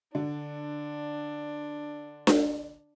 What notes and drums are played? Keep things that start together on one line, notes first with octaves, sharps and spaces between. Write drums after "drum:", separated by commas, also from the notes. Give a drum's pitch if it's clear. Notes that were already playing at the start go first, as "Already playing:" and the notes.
D3 D4
drum: snare D4